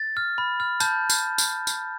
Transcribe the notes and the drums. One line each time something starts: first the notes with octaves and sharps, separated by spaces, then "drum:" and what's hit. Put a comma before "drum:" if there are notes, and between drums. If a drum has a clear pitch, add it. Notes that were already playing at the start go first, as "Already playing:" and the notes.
Already playing: A6
F6
B5
F6
A5 G6, drum: tambourine
drum: tambourine
drum: tambourine
drum: tambourine